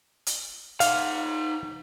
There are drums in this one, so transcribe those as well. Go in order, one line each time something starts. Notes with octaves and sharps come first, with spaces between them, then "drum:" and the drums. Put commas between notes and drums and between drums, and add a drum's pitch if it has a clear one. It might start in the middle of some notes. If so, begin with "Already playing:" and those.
drum: hi-hat
D#4 F5 F#5, drum: hi-hat